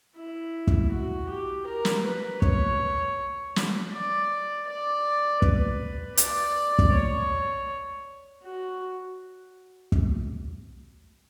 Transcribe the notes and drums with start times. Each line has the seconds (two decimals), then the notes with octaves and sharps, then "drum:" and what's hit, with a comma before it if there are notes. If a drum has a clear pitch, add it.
0.16 E4
0.67 drum: kick
0.92 F#4
1.29 G4
1.66 A#4
1.85 drum: snare
2.04 B4
2.42 C#5, drum: kick
3.56 drum: snare
3.92 D5
4.67 D5
5.42 B4, drum: kick
6.17 D5, drum: hi-hat
6.79 drum: kick
6.92 C#5
8.43 F#4
9.92 drum: kick